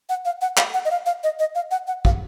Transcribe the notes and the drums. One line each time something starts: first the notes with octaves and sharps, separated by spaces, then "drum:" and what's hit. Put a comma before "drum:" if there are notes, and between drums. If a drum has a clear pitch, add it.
F#5
F5
F#5
F5, drum: clap
F#5
D#5
F5
F5
D#5
D#5
F5
F#5
F#5
F5, drum: kick